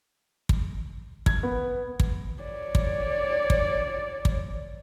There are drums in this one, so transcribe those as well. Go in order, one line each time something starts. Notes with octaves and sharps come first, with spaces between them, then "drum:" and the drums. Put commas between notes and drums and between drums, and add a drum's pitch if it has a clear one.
drum: kick
G#6, drum: kick
B3
drum: kick
C#5 D5
drum: kick
drum: kick
drum: kick